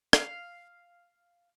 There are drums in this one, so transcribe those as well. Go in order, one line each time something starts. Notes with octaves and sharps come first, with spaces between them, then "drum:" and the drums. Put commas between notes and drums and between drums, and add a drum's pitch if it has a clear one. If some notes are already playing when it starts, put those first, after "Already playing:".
F5, drum: rim click